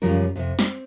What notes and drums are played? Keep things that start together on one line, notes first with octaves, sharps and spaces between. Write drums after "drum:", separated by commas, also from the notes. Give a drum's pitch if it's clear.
F#2 C#3 F3 G3 A#4
F2 A2 C3
C4, drum: snare